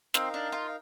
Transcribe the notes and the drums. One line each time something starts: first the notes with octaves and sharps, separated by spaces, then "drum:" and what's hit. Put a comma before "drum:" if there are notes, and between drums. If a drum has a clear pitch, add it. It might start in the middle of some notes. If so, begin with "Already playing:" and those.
C4 D#4 A#4 F5, drum: snare
D4
F4